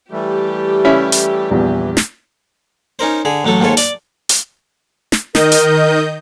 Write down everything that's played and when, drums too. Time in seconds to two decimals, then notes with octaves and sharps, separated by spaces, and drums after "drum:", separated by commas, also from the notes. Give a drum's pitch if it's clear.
0.11 E3 G3 A3 G4
0.85 C#4 E4
1.12 drum: hi-hat
1.51 A#1 E2 E3 G3
1.97 drum: snare
2.99 C#4 D#4 A#4 C5
3.25 D3 G#4
3.44 A1 F#3 A3 A4
3.60 D#2 G#2 F4 A4 C#5
3.77 D5, drum: hi-hat
4.29 drum: hi-hat
5.12 drum: snare
5.35 D#3 A#4 D#5 G6, drum: snare
5.52 drum: hi-hat